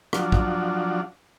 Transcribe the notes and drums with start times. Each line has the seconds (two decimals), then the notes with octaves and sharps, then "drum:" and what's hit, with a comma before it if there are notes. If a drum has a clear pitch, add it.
0.13 F3 F#3 D4, drum: rim click
0.32 drum: kick